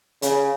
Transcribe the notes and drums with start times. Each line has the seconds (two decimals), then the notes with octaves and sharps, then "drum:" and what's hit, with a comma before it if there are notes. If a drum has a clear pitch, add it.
0.22 C#3, drum: hi-hat